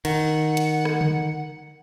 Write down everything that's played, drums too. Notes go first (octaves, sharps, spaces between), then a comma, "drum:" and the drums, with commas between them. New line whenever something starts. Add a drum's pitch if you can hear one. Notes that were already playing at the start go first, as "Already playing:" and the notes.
D#3 F#5, drum: cymbal
drum: hi-hat
drum: rim click
drum: tom C#3